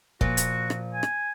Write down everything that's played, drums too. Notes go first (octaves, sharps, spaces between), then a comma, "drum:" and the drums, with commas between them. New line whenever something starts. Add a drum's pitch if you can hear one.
A#2 F3 F#4, drum: kick
drum: hi-hat
drum: rim click
G#5
drum: rim click